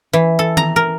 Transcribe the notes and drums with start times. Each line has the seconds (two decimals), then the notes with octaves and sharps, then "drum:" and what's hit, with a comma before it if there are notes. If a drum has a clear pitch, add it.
0.13 E3
0.39 A4
0.57 A#5, drum: tom D#3
0.76 A#4